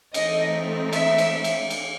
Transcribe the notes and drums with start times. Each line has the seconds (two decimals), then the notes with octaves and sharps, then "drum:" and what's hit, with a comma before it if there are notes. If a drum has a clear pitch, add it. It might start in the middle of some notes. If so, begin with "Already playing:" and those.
0.14 E3 A3 C4 D#4 D#5, drum: cymbal
0.93 E5, drum: cymbal
1.18 drum: cymbal
1.44 drum: cymbal
1.70 drum: cymbal